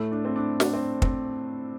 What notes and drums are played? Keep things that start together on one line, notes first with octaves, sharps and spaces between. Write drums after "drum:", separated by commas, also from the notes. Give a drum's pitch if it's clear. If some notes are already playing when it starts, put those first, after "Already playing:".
Already playing: A2 A3 A4
D4
C4
D4
D4, drum: snare
C4
C4, drum: kick